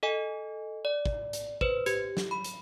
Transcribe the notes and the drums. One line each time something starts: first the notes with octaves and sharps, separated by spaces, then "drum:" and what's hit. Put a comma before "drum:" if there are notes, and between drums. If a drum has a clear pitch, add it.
A4 D#5 G#5
D5
drum: kick
drum: hi-hat
B4 C5, drum: kick
G4, drum: hi-hat
drum: snare
B5
drum: hi-hat